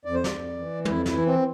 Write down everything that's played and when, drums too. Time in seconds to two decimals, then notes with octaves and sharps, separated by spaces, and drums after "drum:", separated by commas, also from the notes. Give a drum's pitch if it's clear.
0.05 F2 D5
0.15 C5
0.24 D5, drum: snare
0.32 F2
0.59 E3
0.85 F2 E4, drum: tom
1.06 E4, drum: snare
1.13 E3
1.26 C4